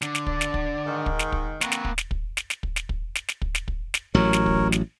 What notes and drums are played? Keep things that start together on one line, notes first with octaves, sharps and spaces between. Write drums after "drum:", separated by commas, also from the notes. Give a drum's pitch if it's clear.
D3, drum: snare
drum: snare
D5, drum: kick
drum: snare
drum: kick
G#2 D#3
drum: kick
drum: snare
drum: kick
A#3 C4 F#4 B4, drum: snare
drum: snare
drum: kick
drum: snare
drum: kick
drum: snare
drum: snare
drum: kick
drum: snare
drum: kick
drum: snare
drum: snare
drum: kick
drum: snare
drum: kick
drum: snare
A1 F#3 A#4 C#5
drum: snare
drum: kick
drum: snare